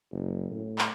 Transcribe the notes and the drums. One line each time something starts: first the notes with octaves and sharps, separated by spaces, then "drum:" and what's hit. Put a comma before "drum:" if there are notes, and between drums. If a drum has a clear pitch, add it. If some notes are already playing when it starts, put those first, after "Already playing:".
F#1
A2
drum: clap